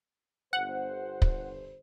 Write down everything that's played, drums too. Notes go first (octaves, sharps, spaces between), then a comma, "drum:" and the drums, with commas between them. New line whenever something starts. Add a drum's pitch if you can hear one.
G1 C5 F#5
drum: kick